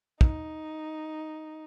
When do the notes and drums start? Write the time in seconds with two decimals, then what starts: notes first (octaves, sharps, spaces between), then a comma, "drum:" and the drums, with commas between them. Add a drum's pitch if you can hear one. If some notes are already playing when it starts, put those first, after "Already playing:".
0.21 D#4, drum: kick